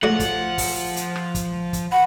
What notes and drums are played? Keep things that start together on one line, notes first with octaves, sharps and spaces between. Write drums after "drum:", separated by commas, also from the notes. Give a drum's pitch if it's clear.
F3 A3 D4 F4 F#4 F#5
drum: kick, hi-hat
drum: kick, open hi-hat
drum: hi-hat
drum: rim click
drum: kick, hi-hat
drum: kick, hi-hat
F#5 B5